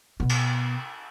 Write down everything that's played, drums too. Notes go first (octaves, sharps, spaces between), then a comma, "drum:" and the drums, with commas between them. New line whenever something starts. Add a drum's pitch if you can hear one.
B2 B3
drum: cymbal